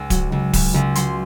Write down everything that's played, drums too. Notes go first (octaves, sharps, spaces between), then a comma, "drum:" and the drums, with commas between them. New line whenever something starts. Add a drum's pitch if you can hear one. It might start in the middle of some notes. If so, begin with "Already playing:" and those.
Already playing: C#2 C#3
F#3, drum: kick D1, hi-hat
C#2
C#3, drum: kick D1, open hi-hat
C#2
F#3 C6, drum: hi-hat